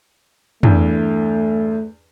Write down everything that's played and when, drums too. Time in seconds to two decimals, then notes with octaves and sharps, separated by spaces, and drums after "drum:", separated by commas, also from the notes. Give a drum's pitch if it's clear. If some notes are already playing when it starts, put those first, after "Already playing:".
0.63 E2 G2 A3, drum: tom